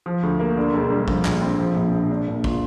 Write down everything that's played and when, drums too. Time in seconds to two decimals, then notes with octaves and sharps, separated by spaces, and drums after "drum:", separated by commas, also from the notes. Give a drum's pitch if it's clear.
0.06 F3
0.23 D2
0.40 A#3
0.57 D3
0.73 E1
0.91 G3
1.08 F3, drum: kick
1.25 A#1, drum: clap
1.41 C4
1.59 F3
1.76 A#1
1.92 A#1
2.10 D4
2.27 A#2
2.44 F4, drum: kick